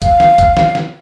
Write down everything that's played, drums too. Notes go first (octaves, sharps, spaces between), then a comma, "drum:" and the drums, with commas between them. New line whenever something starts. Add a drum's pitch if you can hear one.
F5, drum: kick, hi-hat
drum: snare
drum: kick, hi-hat
drum: snare
drum: snare